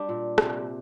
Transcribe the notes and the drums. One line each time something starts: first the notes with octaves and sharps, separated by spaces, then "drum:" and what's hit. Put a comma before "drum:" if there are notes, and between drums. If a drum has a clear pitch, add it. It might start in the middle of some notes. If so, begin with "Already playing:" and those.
Already playing: G3 D4
A#2
C3, drum: rim click